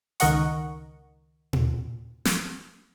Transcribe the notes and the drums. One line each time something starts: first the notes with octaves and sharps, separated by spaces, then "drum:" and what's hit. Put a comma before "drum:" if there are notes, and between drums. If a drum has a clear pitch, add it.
C#2 D#3 A#4 D#5 F#5 C#6, drum: hi-hat
drum: tom
drum: snare